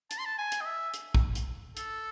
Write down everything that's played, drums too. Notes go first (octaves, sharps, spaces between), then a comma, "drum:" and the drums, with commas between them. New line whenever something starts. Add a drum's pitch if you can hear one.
A5, drum: hi-hat
C6
A5
G#5
drum: hi-hat
D#5
E5
drum: hi-hat
drum: kick
drum: hi-hat
A4, drum: hi-hat